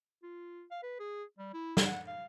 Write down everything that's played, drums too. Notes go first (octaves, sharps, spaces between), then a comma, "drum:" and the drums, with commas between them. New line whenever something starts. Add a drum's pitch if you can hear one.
F4
F5
B4
G#4
G3
E4
drum: snare
F#5
F5